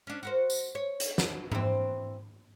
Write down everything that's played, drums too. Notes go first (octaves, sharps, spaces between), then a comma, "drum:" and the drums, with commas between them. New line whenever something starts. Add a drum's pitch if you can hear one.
C#4 D4
F#4 A#4 C5
drum: tambourine
C#5
drum: hi-hat
drum: snare
E3 C4, drum: tom G#2